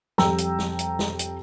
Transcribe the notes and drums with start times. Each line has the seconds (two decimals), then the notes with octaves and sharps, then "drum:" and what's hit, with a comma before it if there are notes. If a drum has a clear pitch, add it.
0.18 F2 G3 G5 A#5 E6, drum: snare
0.38 drum: hi-hat
0.59 drum: snare
0.79 drum: hi-hat
0.99 drum: snare
1.19 drum: hi-hat